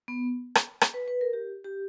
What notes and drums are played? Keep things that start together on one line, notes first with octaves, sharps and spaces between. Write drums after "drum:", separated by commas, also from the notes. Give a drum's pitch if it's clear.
B3
drum: rim click
drum: rim click
B4
B4
A#4
G4
G4